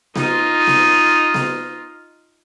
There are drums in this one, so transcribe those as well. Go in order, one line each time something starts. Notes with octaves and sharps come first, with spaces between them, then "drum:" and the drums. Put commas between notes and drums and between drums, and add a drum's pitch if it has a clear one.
D#4 F4, drum: snare B3
drum: snare B3
drum: snare B3